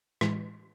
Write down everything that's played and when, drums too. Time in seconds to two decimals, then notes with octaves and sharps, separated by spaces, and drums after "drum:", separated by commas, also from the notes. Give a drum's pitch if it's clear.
0.21 A2 E3 G#3, drum: rim click